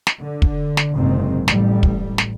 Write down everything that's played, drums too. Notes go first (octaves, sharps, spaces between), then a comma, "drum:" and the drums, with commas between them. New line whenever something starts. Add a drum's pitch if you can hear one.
drum: snare
D3
drum: kick
drum: snare
F#1 G#2 C3 D#3 C4
A1 G3, drum: snare
drum: kick
drum: snare